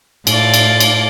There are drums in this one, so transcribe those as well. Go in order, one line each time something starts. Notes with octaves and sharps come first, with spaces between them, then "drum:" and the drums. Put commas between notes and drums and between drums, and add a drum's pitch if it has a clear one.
A2 F4 D5, drum: cymbal
drum: cymbal
drum: cymbal